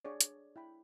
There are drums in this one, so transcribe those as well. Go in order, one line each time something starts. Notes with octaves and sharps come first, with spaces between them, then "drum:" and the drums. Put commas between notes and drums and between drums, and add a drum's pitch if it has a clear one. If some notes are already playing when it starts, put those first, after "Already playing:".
D4 G#4 C#5 D5
drum: hi-hat
E4 G5 B5